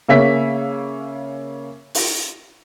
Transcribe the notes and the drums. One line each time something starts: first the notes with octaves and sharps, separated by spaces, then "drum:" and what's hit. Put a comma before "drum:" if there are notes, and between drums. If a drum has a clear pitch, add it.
C#3 A#3 C#4 E5 B6
drum: open hi-hat